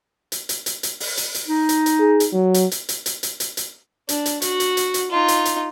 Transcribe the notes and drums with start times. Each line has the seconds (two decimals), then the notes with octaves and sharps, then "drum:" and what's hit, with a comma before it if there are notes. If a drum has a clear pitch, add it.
0.32 drum: hi-hat
0.49 drum: hi-hat
0.66 drum: hi-hat
0.83 drum: hi-hat
1.00 drum: open hi-hat
1.17 drum: hi-hat
1.35 drum: hi-hat
1.46 D#4
1.69 drum: hi-hat
1.86 drum: hi-hat
1.99 G#4
2.20 drum: hi-hat
2.32 F#3
2.54 drum: hi-hat
2.71 drum: hi-hat
2.89 drum: hi-hat
3.06 drum: hi-hat
3.23 drum: hi-hat
3.40 drum: hi-hat
3.57 drum: hi-hat
4.09 D4, drum: hi-hat
4.26 drum: hi-hat
4.42 F#4, drum: hi-hat
4.60 drum: hi-hat
4.77 drum: hi-hat
4.94 drum: hi-hat
5.11 D#4 F4
5.28 drum: hi-hat
5.45 drum: hi-hat